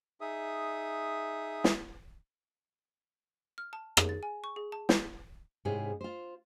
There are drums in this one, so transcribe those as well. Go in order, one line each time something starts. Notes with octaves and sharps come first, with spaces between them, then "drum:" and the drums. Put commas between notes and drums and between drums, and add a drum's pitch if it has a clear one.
D#4 G#4 E5 D#6
drum: snare
F6
A5
G#4, drum: rim click
A6
G#5
C#6
G#4
A5
G6, drum: snare
G#2 C3 C#4 E4 G#4
F4 C5